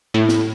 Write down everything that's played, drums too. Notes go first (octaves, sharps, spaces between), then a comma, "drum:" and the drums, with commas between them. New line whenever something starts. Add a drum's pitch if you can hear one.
A2
drum: snare